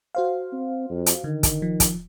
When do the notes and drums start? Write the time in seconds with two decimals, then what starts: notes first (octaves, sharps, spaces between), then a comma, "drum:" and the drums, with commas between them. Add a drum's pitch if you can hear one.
0.15 F#4 C5 F5
0.53 C4
0.90 F2
1.06 drum: hi-hat
1.24 D3 D#3
1.43 drum: kick, hi-hat
1.62 F3
1.80 drum: kick, hi-hat